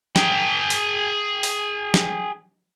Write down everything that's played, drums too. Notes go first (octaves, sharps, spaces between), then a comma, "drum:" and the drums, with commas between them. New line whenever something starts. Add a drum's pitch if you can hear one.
G#4 G5, drum: snare
drum: open hi-hat
drum: open hi-hat
drum: snare